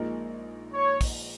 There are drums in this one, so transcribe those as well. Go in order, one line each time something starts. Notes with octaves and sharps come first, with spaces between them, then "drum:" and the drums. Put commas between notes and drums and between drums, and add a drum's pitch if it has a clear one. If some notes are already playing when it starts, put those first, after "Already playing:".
Already playing: A#1 A#2 G#3 D#4 A#4
C#5
drum: kick, open hi-hat